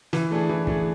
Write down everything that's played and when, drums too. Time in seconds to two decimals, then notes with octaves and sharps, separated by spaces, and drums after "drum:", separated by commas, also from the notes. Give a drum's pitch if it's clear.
0.13 E3, drum: snare
0.31 A3 D4 G#4
0.49 E3
0.67 A3 D4 G#4, drum: kick